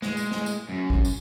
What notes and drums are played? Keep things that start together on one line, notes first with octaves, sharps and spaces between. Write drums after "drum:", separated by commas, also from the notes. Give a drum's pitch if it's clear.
G#3, drum: snare
drum: tambourine
drum: snare
drum: tambourine
F#2
drum: kick
drum: tambourine